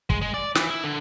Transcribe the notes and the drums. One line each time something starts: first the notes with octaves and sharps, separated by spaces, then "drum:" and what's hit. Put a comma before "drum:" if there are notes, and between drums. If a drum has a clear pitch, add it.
G#3, drum: kick
G#3
D5
E3, drum: snare
E4
D3